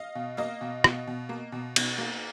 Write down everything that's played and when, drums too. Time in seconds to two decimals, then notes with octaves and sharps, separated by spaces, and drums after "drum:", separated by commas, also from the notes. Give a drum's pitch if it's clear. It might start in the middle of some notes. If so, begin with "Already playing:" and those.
Already playing: D#5 F5
0.15 B2
0.37 A#3 D#5 F5
0.61 B2
0.84 B2, drum: rim click
1.07 B2
1.29 A#3
1.52 B2
1.76 B2, drum: cymbal
1.98 A#3